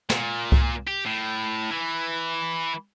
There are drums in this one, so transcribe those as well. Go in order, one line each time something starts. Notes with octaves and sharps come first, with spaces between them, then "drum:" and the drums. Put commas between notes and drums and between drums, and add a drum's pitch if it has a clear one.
A#2, drum: snare
drum: kick C2
G4
A2
E3